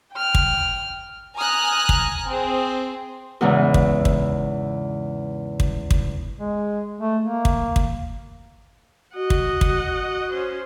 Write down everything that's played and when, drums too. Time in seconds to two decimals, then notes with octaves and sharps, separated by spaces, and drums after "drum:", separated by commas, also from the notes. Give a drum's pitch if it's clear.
0.13 G5 F6
0.35 drum: kick
1.35 G#5 A#5 D#6 F6 F#6
1.89 drum: kick
2.28 C4 G#4
3.41 E2 G#2 C#3 E3
3.74 drum: kick
4.05 drum: kick
5.60 drum: kick
5.91 drum: kick
6.37 G#3
7.01 A3
7.24 A#3
7.45 drum: kick
7.76 drum: kick
9.15 F#4 D#5 F#5
9.30 drum: kick
9.61 drum: kick
10.32 C#4 C5